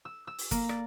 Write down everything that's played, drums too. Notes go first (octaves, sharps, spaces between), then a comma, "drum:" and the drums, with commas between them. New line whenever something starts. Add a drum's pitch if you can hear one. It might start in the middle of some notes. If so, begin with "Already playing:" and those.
E6
E6
drum: open hi-hat
A#3, drum: kick, hi-hat
D5, drum: rim click